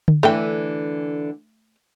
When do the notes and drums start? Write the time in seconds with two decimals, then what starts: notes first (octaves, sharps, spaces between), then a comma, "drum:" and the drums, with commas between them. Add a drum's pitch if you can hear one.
0.08 drum: tom D3
0.23 D3 E3 A3 G5